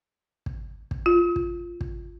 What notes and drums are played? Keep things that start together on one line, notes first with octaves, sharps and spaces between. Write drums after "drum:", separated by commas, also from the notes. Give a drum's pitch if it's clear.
drum: kick
drum: kick
F4
drum: kick
drum: kick